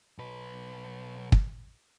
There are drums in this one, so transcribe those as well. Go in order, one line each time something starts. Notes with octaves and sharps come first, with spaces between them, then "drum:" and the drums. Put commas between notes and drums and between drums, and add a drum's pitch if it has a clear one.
B1 B4
drum: kick